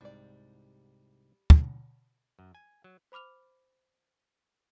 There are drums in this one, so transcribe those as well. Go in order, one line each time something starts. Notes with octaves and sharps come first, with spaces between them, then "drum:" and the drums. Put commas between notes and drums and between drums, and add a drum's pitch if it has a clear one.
C2 G#2 G3 D5
drum: kick
F#2
G#5
F#3
C5 B5 D6 F6 F7